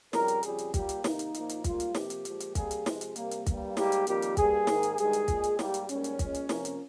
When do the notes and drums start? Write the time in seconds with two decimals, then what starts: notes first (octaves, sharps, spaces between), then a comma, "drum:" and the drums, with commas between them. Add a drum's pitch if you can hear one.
0.13 F2 C#3 G3 A#4, drum: snare
0.28 drum: hi-hat
0.43 F2 C#3 G3 G#4, drum: hi-hat
0.58 drum: hi-hat
0.74 A#2 G3 A#3 G4, drum: kick, hi-hat
0.89 drum: hi-hat
1.04 C3 D#3 A#3 D#4, drum: snare
1.19 drum: hi-hat
1.34 A#2 F3 A#3, drum: hi-hat
1.49 drum: hi-hat
1.64 G#2 G3 A#3 F4, drum: kick, hi-hat
1.80 drum: hi-hat
1.95 F2 C3 F3 A#3 G4, drum: snare
2.10 drum: hi-hat
2.25 A#2 F3 G#3, drum: hi-hat
2.40 drum: hi-hat
2.55 C3 G3 A#3 G#4, drum: kick, hi-hat
2.71 drum: hi-hat
2.86 C3 F3 G#3, drum: snare
3.01 drum: hi-hat
3.16 C3 G3 A#3, drum: hi-hat
3.31 drum: hi-hat
3.46 G2 G3 A#3, drum: kick, hi-hat
3.77 G#2 G3 A#3 G4, drum: snare
3.92 drum: hi-hat
4.07 F2 D#3 G3 A#3 G4, drum: hi-hat
4.22 drum: hi-hat
4.37 G2 G3 A#3 G#4, drum: kick, hi-hat
4.67 G#2 D#3 A#3, drum: snare
4.83 drum: hi-hat
4.98 G2 D#3 G#3 G#4, drum: hi-hat
5.13 drum: hi-hat
5.28 A#2 G#3, drum: kick, hi-hat
5.44 drum: hi-hat
5.59 G#2 G3 A#3 G4, drum: snare
5.74 drum: hi-hat
5.89 G#2 G3 A#3 C#4, drum: hi-hat
6.04 drum: hi-hat
6.19 A#2 G#3, drum: kick, hi-hat
6.34 drum: hi-hat
6.49 F2 C3 F3 A#3, drum: snare
6.65 drum: hi-hat